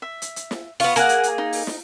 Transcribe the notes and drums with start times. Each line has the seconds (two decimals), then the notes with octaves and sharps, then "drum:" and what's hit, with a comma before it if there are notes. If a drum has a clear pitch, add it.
0.02 E5
0.22 drum: hi-hat
0.36 drum: hi-hat
0.51 drum: snare
0.80 B3 F4 C#5, drum: open hi-hat
0.96 A#3 G#4 A#4 F#5, drum: hi-hat
1.09 drum: hi-hat
1.23 drum: hi-hat
1.38 D#4
1.53 drum: open hi-hat
1.67 drum: snare